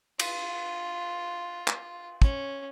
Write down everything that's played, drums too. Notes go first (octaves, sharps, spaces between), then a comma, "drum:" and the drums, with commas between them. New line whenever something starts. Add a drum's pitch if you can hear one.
F4, drum: cymbal
drum: clap
C#4, drum: kick